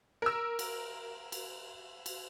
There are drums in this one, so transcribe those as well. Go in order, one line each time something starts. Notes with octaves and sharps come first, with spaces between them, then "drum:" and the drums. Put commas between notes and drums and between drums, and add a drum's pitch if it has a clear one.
A#4 E6
drum: cymbal
drum: cymbal
drum: cymbal